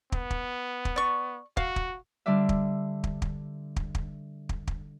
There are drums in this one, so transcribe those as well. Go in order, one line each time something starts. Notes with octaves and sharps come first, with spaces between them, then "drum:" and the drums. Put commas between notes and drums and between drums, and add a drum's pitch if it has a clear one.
B3, drum: kick
drum: kick
drum: kick
D5 C#6
F#4 F5, drum: kick
drum: kick
D3 G3 D4 D5 E5
drum: kick
drum: kick
drum: kick
drum: kick
drum: kick
drum: kick
drum: kick